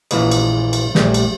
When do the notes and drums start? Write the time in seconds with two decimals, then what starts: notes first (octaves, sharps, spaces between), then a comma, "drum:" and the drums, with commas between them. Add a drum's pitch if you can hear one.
0.11 A#1 A#2 E3 A#3 B4 D#5, drum: cymbal
0.31 drum: cymbal
0.73 drum: cymbal
0.95 A#1 G3 A3, drum: snare
1.14 drum: cymbal